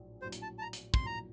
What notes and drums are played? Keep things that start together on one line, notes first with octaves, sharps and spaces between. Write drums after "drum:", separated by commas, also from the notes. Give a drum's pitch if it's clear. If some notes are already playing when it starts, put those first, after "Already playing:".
Already playing: A#1 A2 F#3
A#1 A2 F#3 C5
drum: hi-hat
A5
A5
A#5
drum: hi-hat
C6, drum: kick
A#1 A2 F#3 A#5